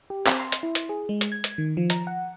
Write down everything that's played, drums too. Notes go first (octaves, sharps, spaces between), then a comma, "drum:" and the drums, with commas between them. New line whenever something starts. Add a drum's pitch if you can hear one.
G4
C4, drum: clap
C6
drum: hi-hat
E4
drum: hi-hat
G#4
G#3
drum: hi-hat
G#6
drum: hi-hat
D#3
F3
A#5, drum: hi-hat
F#5